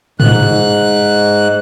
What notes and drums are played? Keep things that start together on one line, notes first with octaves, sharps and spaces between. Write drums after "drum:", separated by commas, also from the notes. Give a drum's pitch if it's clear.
G#2 F#6, drum: tom G#2